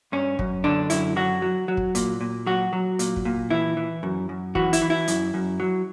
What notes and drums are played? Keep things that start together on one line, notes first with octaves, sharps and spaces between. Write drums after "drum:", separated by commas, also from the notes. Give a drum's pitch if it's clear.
G2 C#4
F#2, drum: kick
D3 D4
F#2 E4, drum: hi-hat
F#3 F#4
F#3
F#3
drum: kick
A#2, drum: hi-hat
A#2
F#3 F#4
F#3
A#2, drum: hi-hat
drum: kick
A#2
E3 E4
E3
F#2
F#2
E3 F#4, drum: kick
E4, drum: hi-hat
E3
E4
F#2, drum: hi-hat
F#2
F#3